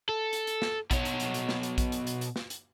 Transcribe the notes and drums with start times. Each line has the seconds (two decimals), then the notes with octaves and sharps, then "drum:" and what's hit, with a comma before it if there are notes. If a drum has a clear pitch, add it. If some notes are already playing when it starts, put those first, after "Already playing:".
0.09 A4
0.33 drum: hi-hat
0.47 drum: hi-hat
0.62 drum: snare
0.91 B2 C#5, drum: kick A#1, hi-hat
1.05 drum: hi-hat
1.20 drum: hi-hat
1.34 drum: hi-hat
1.49 drum: snare
1.63 drum: hi-hat
1.78 drum: kick A#1, hi-hat
1.92 drum: hi-hat
2.07 drum: hi-hat
2.21 drum: hi-hat
2.36 drum: snare
2.50 drum: hi-hat